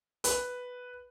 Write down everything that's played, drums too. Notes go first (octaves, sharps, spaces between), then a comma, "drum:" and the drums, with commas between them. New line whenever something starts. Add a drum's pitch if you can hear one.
B4, drum: hi-hat